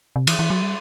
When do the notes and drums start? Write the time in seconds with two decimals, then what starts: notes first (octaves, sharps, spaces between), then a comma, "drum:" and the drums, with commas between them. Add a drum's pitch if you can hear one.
0.16 C3
0.27 E3, drum: cymbal
0.39 E3
0.50 F#3
0.62 G3